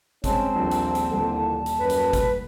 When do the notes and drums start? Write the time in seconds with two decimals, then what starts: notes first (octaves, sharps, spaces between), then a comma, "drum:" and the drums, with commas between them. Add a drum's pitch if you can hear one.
0.24 G#3 C4 C#4 A5, drum: kick, hi-hat
0.56 D#1 A#1 A#2 D4
0.71 drum: hi-hat
0.95 drum: hi-hat
1.10 D#1 A#2 D3 E3 A4
1.66 drum: hi-hat
1.79 F#2 B4
1.90 drum: hi-hat
2.13 drum: kick, hi-hat